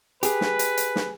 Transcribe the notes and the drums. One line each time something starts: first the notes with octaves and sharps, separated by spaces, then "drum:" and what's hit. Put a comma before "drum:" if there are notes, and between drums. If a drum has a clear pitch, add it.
G4 G#4 B4, drum: hi-hat
drum: snare
drum: hi-hat
drum: hi-hat
drum: snare